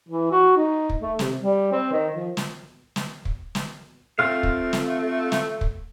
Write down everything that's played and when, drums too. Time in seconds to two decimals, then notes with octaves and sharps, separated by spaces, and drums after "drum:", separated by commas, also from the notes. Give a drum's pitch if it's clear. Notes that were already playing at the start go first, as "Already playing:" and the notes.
0.09 E3
0.31 F#4
0.56 D#4
0.90 drum: kick
1.02 A3
1.19 C3, drum: snare
1.42 G3
1.72 C4
1.92 D#3
2.16 F3
2.37 drum: snare
2.96 drum: snare
3.25 drum: kick
3.55 drum: snare
4.19 A3 C4 F4 F5
4.43 drum: kick
4.73 drum: snare
5.32 drum: snare
5.61 drum: kick